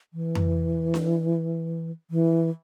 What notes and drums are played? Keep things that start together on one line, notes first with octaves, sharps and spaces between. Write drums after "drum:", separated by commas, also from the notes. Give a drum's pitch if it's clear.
E3
drum: tom F2
drum: snare D4
E3